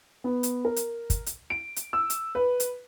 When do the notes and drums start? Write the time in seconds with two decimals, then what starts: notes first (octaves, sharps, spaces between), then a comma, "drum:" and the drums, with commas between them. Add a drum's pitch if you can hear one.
0.24 B3
0.43 drum: hi-hat
0.65 A#4
0.76 drum: hi-hat
1.10 drum: kick, hi-hat
1.26 drum: hi-hat
1.50 D7
1.76 drum: hi-hat
1.93 E6
2.10 drum: hi-hat
2.35 B4
2.60 drum: hi-hat